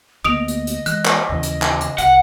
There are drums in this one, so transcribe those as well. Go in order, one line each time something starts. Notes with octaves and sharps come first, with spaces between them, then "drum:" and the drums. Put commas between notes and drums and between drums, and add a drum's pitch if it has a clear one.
D2 A#3 B3 D#5 D#6 D7 F7
drum: hi-hat
drum: hi-hat
E3 G#3 F#6, drum: hi-hat
drum: clap
D#2 C#3 E3
drum: hi-hat
drum: clap
drum: hi-hat
C2 F#5, drum: hi-hat